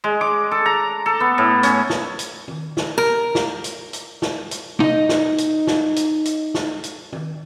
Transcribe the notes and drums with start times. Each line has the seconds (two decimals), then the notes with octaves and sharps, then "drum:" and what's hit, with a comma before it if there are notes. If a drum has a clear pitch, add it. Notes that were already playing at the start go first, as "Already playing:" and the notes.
0.04 G#3
0.21 D6
0.51 A4
0.66 A#5
1.06 A4
1.20 B3
1.38 A2
1.63 C#4, drum: hi-hat
1.90 drum: snare
2.19 drum: hi-hat
2.48 drum: tom
2.77 drum: snare
2.98 A#4
3.35 drum: snare
3.64 drum: hi-hat
3.93 drum: hi-hat
4.22 drum: snare
4.51 drum: hi-hat
4.80 D#4 D#5, drum: tom
5.09 drum: snare
5.38 drum: hi-hat
5.67 drum: snare
5.96 drum: hi-hat
6.25 drum: hi-hat
6.54 drum: snare
6.84 drum: hi-hat
7.13 drum: tom